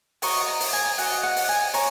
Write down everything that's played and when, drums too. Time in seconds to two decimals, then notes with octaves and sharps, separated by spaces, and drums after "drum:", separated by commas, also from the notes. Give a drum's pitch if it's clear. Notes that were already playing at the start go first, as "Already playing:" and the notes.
0.22 F#4 A#4 D#5 C#6, drum: open hi-hat
0.48 A#5
0.60 drum: open hi-hat
0.73 G#5
0.98 F#4 D#5 F#5, drum: open hi-hat
1.23 F#5
1.36 drum: open hi-hat
1.49 G#5
1.74 C#5 A#5, drum: open hi-hat